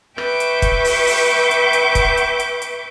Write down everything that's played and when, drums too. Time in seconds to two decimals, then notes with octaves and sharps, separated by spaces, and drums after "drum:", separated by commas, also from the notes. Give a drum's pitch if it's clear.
0.18 B4 E5 G5 C#6 D6 G6, drum: rim click
0.40 drum: hi-hat
0.62 drum: kick, hi-hat
0.84 drum: open hi-hat
1.07 drum: open hi-hat
1.51 drum: hi-hat
1.73 drum: hi-hat
1.95 drum: kick, hi-hat
2.17 drum: hi-hat
2.40 drum: hi-hat
2.62 drum: hi-hat